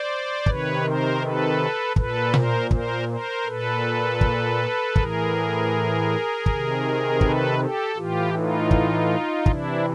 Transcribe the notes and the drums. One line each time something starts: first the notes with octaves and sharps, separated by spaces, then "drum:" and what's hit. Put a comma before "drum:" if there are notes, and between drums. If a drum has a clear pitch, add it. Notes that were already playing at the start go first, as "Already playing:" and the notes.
Already playing: C5 D5
C3 D#3 B4 C#5, drum: kick
A#4 C5
A4 B4
A#2 A4 B4, drum: kick
A#4 C5, drum: tom A#2
A#4 C5, drum: kick
A#4 C5
A#2 A4 B4
drum: kick
A2 E3 G#4 A#4, drum: kick
C3 D#3, drum: kick
A4 B4, drum: kick
G4 A4
A2 E3 F4 G4
D#4 F4
drum: kick
C3 E3 D4 E4, drum: kick